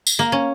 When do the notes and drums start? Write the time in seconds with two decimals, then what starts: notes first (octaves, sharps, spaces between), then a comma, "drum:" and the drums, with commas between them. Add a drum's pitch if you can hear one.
0.07 drum: tambourine
0.19 A#3
0.32 C#4